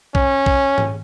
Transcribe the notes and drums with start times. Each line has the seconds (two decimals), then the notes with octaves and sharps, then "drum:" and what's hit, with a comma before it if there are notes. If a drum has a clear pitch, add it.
0.15 C#4, drum: kick
0.46 drum: kick
0.78 drum: tom G#2